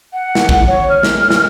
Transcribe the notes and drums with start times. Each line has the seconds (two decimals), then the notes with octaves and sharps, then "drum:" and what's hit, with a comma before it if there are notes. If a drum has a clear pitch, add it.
0.13 F#5
0.35 drum: snare
0.49 drum: kick
0.68 C#5
0.90 F6
1.03 drum: snare
1.30 drum: snare